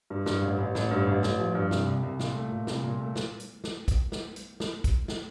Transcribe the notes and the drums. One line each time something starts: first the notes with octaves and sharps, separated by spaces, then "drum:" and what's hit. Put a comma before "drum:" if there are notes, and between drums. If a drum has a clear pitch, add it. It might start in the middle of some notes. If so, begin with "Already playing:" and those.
G2
G2, drum: snare
A1
A1
A1, drum: snare
G2
A1
A1, drum: snare
F3
G2
C2, drum: snare
C2
C2
A#2, drum: snare
A3
A#2
C2, drum: snare
A#2
A3
drum: snare
drum: hi-hat
drum: snare
drum: kick, hi-hat
drum: snare
drum: hi-hat
drum: snare
drum: kick, hi-hat
drum: snare